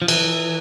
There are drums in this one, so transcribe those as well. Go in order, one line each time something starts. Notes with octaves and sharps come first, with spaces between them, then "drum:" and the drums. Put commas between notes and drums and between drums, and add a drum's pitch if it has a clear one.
F3
E3, drum: cymbal